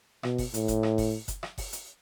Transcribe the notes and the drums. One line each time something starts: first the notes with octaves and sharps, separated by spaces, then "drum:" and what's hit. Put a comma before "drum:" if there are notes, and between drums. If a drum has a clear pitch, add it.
B2, drum: rim click
drum: kick F#1, open hi-hat
A2, drum: hi-hat
drum: kick F#1, hi-hat
drum: rim click
drum: kick F#1, open hi-hat
drum: kick F#1, hi-hat
drum: rim click
drum: kick F#1, open hi-hat
drum: hi-hat